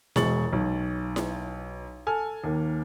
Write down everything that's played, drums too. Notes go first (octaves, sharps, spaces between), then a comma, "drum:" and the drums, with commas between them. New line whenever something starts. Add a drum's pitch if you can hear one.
E1 B2 G#3 C#6 A6 F#7, drum: snare E4
B1
drum: snare E4
A4 G#5 F6
D#2 A#3